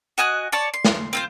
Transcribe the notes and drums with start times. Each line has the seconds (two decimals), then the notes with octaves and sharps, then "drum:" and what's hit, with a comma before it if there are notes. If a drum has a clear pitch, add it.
0.18 F#4 D#5 G#5 F#6
0.52 C#5 D5 A5 C#6
0.74 C6
0.85 drum: snare
1.13 C4 F4 C5